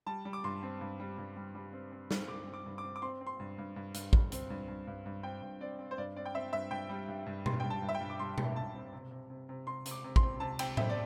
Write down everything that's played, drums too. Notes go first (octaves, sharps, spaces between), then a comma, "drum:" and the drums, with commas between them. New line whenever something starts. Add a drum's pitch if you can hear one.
G3 A5
G3
D6
G2 C6
C4
G2
G3
G2
G3
G3
C4
C4
C4, drum: snare
G2 D6
C4
D6
G2
D6
C4
D6
C4 C6
C4
C6
G2
G2
G2
G2, drum: hi-hat
G2, drum: kick
C4, drum: hi-hat
G2
G2
G2
G2
C4 G5
G2
C4 D5
C4
C5
G2 D5
C4 D5
G5
C4 E5
G2 E5
G2 G5
G3
G2
G2
G3 C6, drum: tom B2
G2 G5
A5
G2
E5
G5
G2
D6
G3 C6
G2, drum: tom B2
G2 A5
C4
C3
C3
C3
C3
C3 C6
C3, drum: hi-hat
D6
C3
C6, drum: kick
C4
C3 A5
C3 G5, drum: cymbal
C4 E5, drum: tom A2
D5